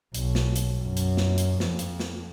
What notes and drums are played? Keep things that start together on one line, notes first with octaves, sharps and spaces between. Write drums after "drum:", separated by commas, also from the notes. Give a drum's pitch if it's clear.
B1, drum: hi-hat
drum: snare
drum: hi-hat
F#2
drum: hi-hat
drum: snare
drum: hi-hat
F2, drum: snare
drum: hi-hat
drum: snare